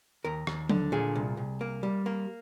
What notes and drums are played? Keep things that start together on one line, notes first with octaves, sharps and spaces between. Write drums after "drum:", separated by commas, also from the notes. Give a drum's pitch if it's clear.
D#2 A#4
D#2, drum: rim click
D3, drum: tom F#3
A#2 G#4
C2
C2
A#3
G3
A#3